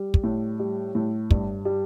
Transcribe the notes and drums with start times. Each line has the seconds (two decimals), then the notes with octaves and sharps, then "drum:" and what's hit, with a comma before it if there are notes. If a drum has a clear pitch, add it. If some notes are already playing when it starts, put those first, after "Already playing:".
Already playing: G3
0.14 drum: kick
0.24 A2
0.59 G3
0.95 A2
1.31 G2, drum: kick
1.65 G3